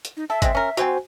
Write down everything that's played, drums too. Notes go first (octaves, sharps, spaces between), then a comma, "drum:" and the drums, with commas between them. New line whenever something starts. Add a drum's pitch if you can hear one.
drum: hi-hat
D#4
A4 E5
G#3 B3 C4, drum: kick, hi-hat
C#4 A#4
F#3 C4 F#4 C5 G#5, drum: hi-hat